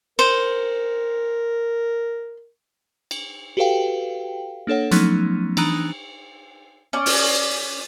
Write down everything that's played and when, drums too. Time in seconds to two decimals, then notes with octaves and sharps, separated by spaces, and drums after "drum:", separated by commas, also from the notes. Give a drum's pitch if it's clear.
0.19 A#4 C5, drum: cymbal
3.11 drum: cymbal
3.57 F#4 G4 A4 B4 F5 G5
4.67 A#3 D4 A4 C#5 F#5
4.91 F3 F#3 A3 B3 C#4 D#4, drum: hi-hat
5.57 E3 D4 D#4 A#5 D#6 F#6, drum: cymbal
6.93 C#4 D5
7.06 drum: open hi-hat